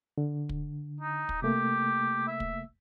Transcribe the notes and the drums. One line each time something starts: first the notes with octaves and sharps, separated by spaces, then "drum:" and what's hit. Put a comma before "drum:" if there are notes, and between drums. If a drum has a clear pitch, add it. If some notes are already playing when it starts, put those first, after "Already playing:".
D3
drum: kick
D#4
drum: kick
C3 A3 A#3 G4
E5
drum: kick